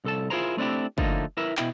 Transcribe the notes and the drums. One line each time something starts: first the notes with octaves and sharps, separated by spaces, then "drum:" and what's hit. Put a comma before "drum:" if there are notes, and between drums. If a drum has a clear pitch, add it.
C2 A4 A5
E4 F4 G#4 A#4 C5 A#5
A3 C4 D4 E4 G4
D3 F3 A3 A#3 D#4, drum: kick
E4 A#4 B4 E5
B2 E4 G5, drum: clap